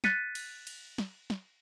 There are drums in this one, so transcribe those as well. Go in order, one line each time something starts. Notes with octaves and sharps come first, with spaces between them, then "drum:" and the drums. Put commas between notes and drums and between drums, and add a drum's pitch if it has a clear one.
F#6 A6 B6 C#7 D#7, drum: snare
drum: cymbal
drum: cymbal
drum: snare
drum: snare